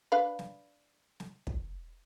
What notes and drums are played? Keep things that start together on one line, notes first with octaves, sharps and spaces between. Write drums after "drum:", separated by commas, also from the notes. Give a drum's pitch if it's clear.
D4 B4 F5
drum: snare
drum: snare
drum: kick